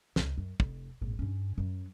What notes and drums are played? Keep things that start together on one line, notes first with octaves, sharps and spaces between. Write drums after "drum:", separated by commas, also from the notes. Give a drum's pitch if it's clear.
C#2 C3, drum: snare
F#2
F1, drum: kick
G#1 A#2
G2 C#4
F#2 F#3